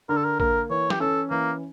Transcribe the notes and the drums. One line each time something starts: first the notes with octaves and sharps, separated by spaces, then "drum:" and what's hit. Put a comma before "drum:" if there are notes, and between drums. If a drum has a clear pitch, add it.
D3 A#4
A4
A#4
A#3 A#4, drum: kick A#1
E3 C#5
G4, drum: snare
C#4 A4
E3 A#3